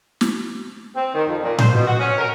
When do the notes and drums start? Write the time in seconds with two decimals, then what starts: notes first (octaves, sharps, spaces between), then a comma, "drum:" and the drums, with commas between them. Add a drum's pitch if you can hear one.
0.21 drum: snare
0.95 C4
1.13 D#3
1.28 F2
1.42 A#2
1.58 C5, drum: tom A2
1.73 B2
1.87 F#4
1.99 C#4
2.18 A#4